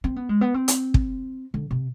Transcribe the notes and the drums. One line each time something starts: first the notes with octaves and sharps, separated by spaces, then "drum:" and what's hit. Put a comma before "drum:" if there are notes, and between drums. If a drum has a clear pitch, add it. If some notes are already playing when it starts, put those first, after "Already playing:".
C4
B3
G#3
B3
C4
drum: hi-hat
drum: kick
D3
C3